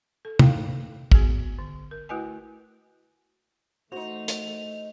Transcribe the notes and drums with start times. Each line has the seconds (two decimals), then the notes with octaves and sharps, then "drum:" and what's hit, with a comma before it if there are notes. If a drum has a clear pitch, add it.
0.25 A4
0.39 D#4 E4 F5 G5 A#5, drum: tom
1.12 B3 F#4 G#4, drum: kick
1.58 D3
1.91 A#4
2.09 A3 E4 F#4 B4 D#5 G#5
3.92 E3 A3 D#4 F#4 C5 F7
4.28 drum: hi-hat